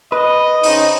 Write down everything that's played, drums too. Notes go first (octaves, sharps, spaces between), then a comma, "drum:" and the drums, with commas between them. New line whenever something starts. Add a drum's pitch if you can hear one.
B4 D#5
C#3 C4 D#4, drum: open hi-hat